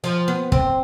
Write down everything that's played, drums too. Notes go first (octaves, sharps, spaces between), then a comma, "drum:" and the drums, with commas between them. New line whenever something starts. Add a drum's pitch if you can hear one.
F3
B3
C4, drum: kick